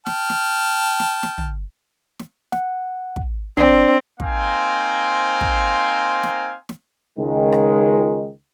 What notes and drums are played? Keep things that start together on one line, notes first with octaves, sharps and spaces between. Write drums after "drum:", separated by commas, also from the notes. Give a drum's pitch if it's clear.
G5 A5 F6, drum: snare
drum: snare
drum: snare
drum: snare
drum: tom
drum: snare
F#5, drum: snare
drum: kick
C4 D4 D5, drum: tom
A#3 C4 D#4 C5 F5 G#5, drum: kick
drum: kick
drum: snare
drum: snare
C#2 D#3 G#3
drum: rim click